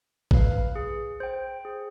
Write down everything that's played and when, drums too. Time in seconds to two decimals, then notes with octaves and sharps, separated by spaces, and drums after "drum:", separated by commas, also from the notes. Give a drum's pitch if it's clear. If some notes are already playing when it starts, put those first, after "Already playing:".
0.31 B4 F5, drum: kick A1
0.76 G#4
1.20 C5 G5
1.65 G#4